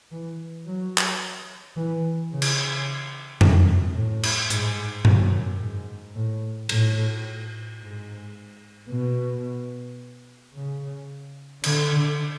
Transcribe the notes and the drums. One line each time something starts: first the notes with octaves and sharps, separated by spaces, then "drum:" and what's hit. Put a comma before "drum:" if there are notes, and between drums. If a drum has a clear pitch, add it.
E3
F#3
drum: clap
E3
C#3
drum: cymbal
F#2, drum: tom F2
A2
drum: cymbal
G#2, drum: hi-hat
F#2, drum: tom G2
G#2
A2
A2, drum: cymbal
G#2
B2
C#3
D3, drum: cymbal